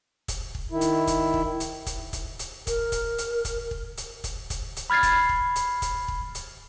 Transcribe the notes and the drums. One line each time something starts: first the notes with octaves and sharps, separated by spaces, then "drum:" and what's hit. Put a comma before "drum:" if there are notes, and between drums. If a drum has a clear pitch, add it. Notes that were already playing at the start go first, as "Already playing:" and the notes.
drum: kick, hi-hat
drum: kick
D#3 E4
drum: hi-hat
drum: kick, hi-hat
drum: kick
drum: hi-hat
drum: kick, hi-hat
drum: kick, hi-hat
drum: hi-hat
A#4, drum: kick, hi-hat
drum: kick, hi-hat
drum: hi-hat
drum: kick, hi-hat
drum: kick
drum: hi-hat
drum: kick, hi-hat
drum: kick, hi-hat
drum: hi-hat
B5 F6 G#6 A6 C7
drum: kick, hi-hat
drum: kick
drum: hi-hat
drum: kick, hi-hat
drum: kick
drum: hi-hat